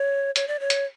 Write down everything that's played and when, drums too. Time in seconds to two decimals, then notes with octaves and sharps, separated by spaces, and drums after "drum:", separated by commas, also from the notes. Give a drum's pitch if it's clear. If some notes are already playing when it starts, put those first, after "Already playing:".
Already playing: C#5
0.36 C#5, drum: hi-hat
0.48 D5
0.60 C#5
0.70 drum: hi-hat